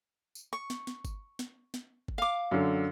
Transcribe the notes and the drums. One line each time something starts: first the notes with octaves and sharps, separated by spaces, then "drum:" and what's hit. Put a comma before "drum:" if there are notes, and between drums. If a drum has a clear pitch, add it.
drum: tambourine
C#6
drum: snare
drum: snare
drum: kick G1, tambourine
drum: snare
drum: snare
drum: kick G1
F5 D6
F#2 D3